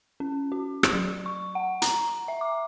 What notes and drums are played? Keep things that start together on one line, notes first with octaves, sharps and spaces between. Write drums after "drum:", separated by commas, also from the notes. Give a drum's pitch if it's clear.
C#4
F#4
drum: rim click
F#3
C#6
F#5
A#5, drum: hi-hat
E5
D6